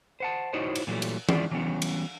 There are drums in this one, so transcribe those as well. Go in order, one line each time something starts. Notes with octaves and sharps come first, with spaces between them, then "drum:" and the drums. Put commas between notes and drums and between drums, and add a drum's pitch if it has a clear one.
C5 F#5 A5
D#4 E4 F#4 C5 C#5 D#5
drum: cymbal
A#2 E3 F#3 G3 A3
drum: cymbal
G#3 C#4 E4 F4 G#4 D5, drum: tom E3
E3 F#3 G3 B3 C#4
drum: cymbal